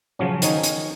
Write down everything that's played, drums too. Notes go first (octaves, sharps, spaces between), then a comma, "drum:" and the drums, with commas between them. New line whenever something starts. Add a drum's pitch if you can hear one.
C#3 F3 F#3 C#4
D#3 C#4 D#4 G#5, drum: hi-hat
drum: hi-hat